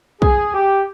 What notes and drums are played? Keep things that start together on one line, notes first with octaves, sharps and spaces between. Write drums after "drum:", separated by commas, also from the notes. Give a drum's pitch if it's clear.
G#4, drum: kick
G4